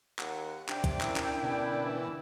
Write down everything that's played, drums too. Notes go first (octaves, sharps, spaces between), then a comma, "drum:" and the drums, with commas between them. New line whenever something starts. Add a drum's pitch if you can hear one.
D#2 F#5, drum: clap
C3 D4 G5, drum: clap
drum: kick, hi-hat
A#3 C#4 E4, drum: clap
drum: clap
B2 D3 D4
E3 E6